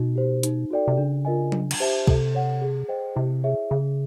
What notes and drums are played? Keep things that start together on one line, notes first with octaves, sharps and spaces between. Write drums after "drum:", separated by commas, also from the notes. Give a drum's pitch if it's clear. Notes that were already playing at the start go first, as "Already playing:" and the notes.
Already playing: B2 D#4
G4 C5
D#4, drum: hi-hat
F#4 A4 D5 G5
C3
C#3 D4
F4 A#4 D#5 G#5
D4, drum: tom F#3
drum: cymbal
G4 C5 E5 A5
C3 A4, drum: kick
C#5 F#5
G#4
C5 D#5 G5
C3 E4
G#4 C#5 E5
C#3 G#4